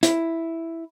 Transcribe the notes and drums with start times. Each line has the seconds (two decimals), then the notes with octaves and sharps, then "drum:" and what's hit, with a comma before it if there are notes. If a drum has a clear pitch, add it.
0.03 E4, drum: hi-hat